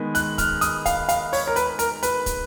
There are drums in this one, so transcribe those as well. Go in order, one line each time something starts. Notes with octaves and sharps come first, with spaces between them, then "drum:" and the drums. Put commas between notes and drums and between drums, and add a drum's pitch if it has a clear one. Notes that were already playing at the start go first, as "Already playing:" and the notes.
Already playing: D#3 G#3 B3
F#6, drum: hi-hat
F6, drum: kick, hi-hat
D#6, drum: hi-hat
F5, drum: kick, hi-hat
F5, drum: hi-hat
C#5, drum: open hi-hat
A#4
B4, drum: hi-hat
A#4, drum: hi-hat
B4, drum: hi-hat
drum: kick, hi-hat